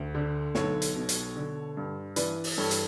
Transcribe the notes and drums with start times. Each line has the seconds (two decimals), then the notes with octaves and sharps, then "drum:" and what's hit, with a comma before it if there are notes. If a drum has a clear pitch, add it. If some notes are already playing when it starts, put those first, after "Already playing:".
Already playing: D2
0.15 D3
0.55 B1 A4 C#5, drum: snare
0.82 drum: hi-hat
0.95 B2
1.09 drum: hi-hat
1.36 D3
1.77 G2
2.16 E3 B4 D5, drum: hi-hat
2.44 drum: open hi-hat
2.58 G2 A4 C#5
2.71 drum: hi-hat